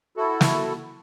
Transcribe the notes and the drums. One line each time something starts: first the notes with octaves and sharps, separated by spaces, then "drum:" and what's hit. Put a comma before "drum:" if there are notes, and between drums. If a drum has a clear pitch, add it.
E4 F#4 A4
drum: snare